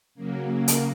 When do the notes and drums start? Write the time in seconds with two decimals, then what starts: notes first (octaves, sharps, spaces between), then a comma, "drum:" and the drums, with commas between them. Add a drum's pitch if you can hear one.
0.15 C#3 F#3 A#3
0.68 drum: hi-hat